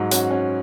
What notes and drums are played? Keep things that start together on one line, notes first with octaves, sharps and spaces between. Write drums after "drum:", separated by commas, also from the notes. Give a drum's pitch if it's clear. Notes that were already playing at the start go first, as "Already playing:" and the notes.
Already playing: G#2 F#3
C#4 F#4, drum: hi-hat
C#4